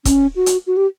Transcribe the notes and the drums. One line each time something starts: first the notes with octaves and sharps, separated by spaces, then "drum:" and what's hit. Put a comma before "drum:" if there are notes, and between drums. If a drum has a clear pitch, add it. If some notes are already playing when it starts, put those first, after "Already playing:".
C#4, drum: kick, hi-hat
F#4
drum: hi-hat
F#4
G4